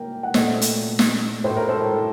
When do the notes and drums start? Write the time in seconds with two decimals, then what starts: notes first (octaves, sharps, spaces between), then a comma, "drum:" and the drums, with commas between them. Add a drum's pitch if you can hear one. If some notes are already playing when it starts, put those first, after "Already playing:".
Already playing: A#3 A#4 G5
0.23 F#5
0.34 A#2 A3 C5 D#5, drum: snare
0.62 drum: hi-hat
0.99 drum: snare
1.44 A2 A3 C5
1.57 A#4
1.69 A4 C5